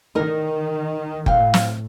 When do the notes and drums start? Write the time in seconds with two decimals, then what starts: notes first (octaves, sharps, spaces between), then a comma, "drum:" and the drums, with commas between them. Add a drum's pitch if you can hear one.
0.15 D#3 D#4 A#4
1.26 A2 F5 G5, drum: kick F#1
1.54 drum: snare